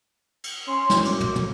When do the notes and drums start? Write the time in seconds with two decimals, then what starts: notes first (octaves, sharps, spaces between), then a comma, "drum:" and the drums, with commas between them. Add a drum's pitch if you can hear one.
0.44 drum: cymbal
0.67 C#4 C6
0.90 drum: snare
1.05 F#2 D6, drum: cymbal
1.20 drum: tom
1.36 drum: tom